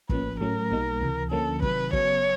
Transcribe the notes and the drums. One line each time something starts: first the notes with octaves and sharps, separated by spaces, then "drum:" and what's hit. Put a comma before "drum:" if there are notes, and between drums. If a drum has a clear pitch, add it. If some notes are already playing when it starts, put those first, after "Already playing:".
A#1 A2 F3 A#3 C#4 B4, drum: kick
A2 F#3 A3 C#4 A#4
B1 B2 G3 A#3 D#4
C#2 C3 E3
D2 D3 F3 A#3 C#4 A4
C3 D#3 F#3 B4, drum: kick
C#3 F#3 B3 C#5, drum: kick